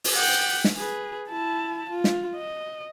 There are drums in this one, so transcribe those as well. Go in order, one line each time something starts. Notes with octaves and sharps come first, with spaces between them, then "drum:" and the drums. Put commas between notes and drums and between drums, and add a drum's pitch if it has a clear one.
drum: open hi-hat
F#5 G5
drum: snare
G#4 B4
E4 A5
F4
drum: snare
D#5